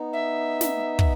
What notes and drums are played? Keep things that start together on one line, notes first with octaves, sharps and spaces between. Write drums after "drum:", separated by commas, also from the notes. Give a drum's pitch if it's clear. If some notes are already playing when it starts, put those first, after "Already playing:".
Already playing: B3 D#4
E5
drum: snare
drum: kick